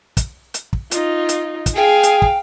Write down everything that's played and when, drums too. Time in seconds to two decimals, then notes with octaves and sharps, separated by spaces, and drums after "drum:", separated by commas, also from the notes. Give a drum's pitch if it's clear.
0.17 drum: kick, hi-hat
0.54 drum: hi-hat
0.73 drum: kick
0.91 D#4 F4, drum: hi-hat
1.29 drum: hi-hat
1.66 drum: kick, hi-hat
1.76 G#4 F5 G5
2.03 drum: hi-hat
2.22 drum: kick